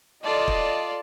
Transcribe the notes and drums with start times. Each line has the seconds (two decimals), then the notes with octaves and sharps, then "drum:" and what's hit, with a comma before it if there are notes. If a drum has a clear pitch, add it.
0.25 F4 A4 D5 D#5 A5
0.48 drum: kick